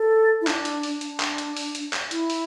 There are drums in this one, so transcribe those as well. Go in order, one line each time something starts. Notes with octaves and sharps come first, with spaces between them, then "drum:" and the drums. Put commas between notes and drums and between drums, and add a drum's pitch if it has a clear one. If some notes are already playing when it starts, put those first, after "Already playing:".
Already playing: A4
E4
D4, drum: clap
drum: hi-hat
drum: open hi-hat
D4, drum: hi-hat
drum: clap
drum: hi-hat
drum: open hi-hat
drum: hi-hat
drum: clap
E4, drum: hi-hat
drum: open hi-hat